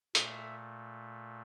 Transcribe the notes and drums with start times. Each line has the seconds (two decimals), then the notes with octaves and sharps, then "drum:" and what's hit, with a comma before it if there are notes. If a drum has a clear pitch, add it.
0.15 A#2 A3 E5, drum: hi-hat